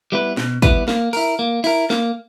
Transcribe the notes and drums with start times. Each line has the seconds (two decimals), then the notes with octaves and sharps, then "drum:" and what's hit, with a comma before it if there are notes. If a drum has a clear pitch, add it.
0.12 G3 B3 E4 B4
0.37 B2, drum: snare
0.62 G3 B3 E4 B4, drum: kick, hi-hat
0.88 A#3, drum: snare
1.13 E4 A#4, drum: open hi-hat
1.39 A#3
1.64 E4 A#4, drum: open hi-hat
1.90 A#3, drum: snare